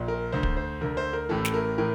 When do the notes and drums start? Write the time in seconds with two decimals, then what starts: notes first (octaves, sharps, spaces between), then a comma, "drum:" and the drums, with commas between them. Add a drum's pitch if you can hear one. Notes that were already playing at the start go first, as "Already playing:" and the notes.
Already playing: A#1 A#2
0.08 A#4
0.32 D2 D3 C5
0.43 drum: kick
0.57 C5
0.81 D2 D3 A#4
0.97 C5
1.13 A#4
1.29 A1 A2 E3 A4
1.45 drum: snare
1.54 A#4
1.78 A2 E3 A#4